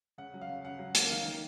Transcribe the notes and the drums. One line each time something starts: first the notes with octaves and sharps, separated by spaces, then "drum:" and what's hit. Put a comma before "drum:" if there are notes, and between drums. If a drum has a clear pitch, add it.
C#3 F#5
F#3
F5
C#3
C#3 F#5
F#3
A#3, drum: hi-hat
D#3 F5
D#3